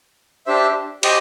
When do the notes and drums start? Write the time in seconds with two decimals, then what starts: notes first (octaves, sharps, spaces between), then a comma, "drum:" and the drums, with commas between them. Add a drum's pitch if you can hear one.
0.47 D4 G4 C5 E5
1.03 G4 C5 D#5 G5, drum: cymbal